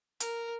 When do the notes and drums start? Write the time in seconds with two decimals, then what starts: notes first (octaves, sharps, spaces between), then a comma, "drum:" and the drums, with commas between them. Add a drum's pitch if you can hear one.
0.20 A#4, drum: hi-hat